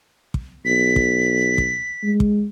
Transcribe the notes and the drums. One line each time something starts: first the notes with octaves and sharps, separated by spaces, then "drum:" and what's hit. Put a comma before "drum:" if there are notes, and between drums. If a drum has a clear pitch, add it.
drum: kick
B1 B6
drum: kick
drum: kick
G#3
drum: kick